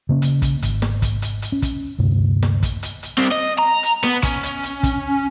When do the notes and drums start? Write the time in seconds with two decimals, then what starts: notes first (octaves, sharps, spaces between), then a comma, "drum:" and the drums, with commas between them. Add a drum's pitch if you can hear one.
0.09 C#3 A#3 C#4
0.22 drum: hi-hat
0.42 drum: kick, hi-hat
0.62 G#1, drum: hi-hat
0.82 drum: snare
1.02 drum: kick, hi-hat
1.22 drum: hi-hat
1.42 drum: hi-hat
1.52 C#4
1.62 drum: kick, hi-hat
1.99 D2 G2 C3
2.43 drum: snare
2.63 drum: kick, hi-hat
2.83 drum: hi-hat
3.03 drum: hi-hat
3.18 G3 C4
3.32 D#5
3.58 A#5
3.83 drum: hi-hat
4.03 B3, drum: snare
4.23 C#4, drum: kick, hi-hat
4.43 drum: hi-hat
4.63 drum: hi-hat
4.83 drum: kick, hi-hat